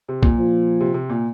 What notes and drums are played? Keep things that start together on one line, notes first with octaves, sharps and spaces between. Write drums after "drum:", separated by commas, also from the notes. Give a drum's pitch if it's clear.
C3
A#2, drum: kick
F3
C3
C3
A#2